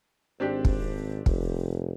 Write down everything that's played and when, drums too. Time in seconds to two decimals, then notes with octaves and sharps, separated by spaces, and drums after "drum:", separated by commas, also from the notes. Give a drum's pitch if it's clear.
0.40 G#1 C4 D4 G4
0.65 drum: kick
1.26 F1, drum: kick